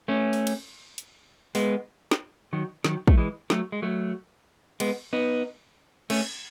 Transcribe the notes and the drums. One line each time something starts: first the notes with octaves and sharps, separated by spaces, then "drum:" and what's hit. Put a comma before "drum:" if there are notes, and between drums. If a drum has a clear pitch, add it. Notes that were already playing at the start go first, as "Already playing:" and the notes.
A3 C#4
drum: open hi-hat
drum: cymbal
drum: hi-hat
G#3 B3, drum: open hi-hat
drum: snare
D#3 F#3
D#3 F#3, drum: snare
A3, drum: kick
E3 G#3
F#3 A3, drum: snare
G#3
F#3 A3
G#3 B3, drum: cymbal
B3 D#4
A3 C#4, drum: cymbal